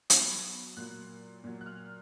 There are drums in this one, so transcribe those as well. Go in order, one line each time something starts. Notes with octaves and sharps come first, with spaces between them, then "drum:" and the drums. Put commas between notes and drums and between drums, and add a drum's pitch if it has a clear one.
B2 F#3 B5, drum: hi-hat
A#2 F#3 F#6
A#2 F#3
F#6
F6